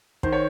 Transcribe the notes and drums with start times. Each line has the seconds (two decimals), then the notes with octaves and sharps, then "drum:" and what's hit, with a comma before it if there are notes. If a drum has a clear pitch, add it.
0.23 D#3 C5, drum: kick
0.32 C#5